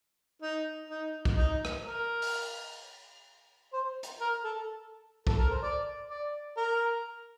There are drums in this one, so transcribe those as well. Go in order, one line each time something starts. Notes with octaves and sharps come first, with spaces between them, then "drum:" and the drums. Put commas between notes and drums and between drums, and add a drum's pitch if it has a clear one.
D#4
D#4
drum: kick
D#4
drum: rim click
A#4
drum: open hi-hat
C5
drum: hi-hat
A#4
A4
A4, drum: kick
A#4
C5
D5
D5
A#4